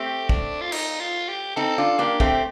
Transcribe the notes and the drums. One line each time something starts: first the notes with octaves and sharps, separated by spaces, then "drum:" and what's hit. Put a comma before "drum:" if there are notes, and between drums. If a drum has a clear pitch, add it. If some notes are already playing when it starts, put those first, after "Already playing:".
Already playing: A3 C4 G4
D4, drum: kick
F4
D#4, drum: cymbal
F4
G4
C4 D#4 A4
D4 F4
A#3 D4 G4
A3 C4, drum: kick